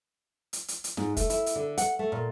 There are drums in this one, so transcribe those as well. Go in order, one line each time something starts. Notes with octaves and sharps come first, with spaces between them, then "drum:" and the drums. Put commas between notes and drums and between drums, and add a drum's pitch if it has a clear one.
drum: hi-hat
drum: hi-hat
drum: hi-hat
G#2, drum: snare
A3, drum: kick, hi-hat
E4, drum: hi-hat
drum: hi-hat
D3
F#5, drum: hi-hat
A3
A#2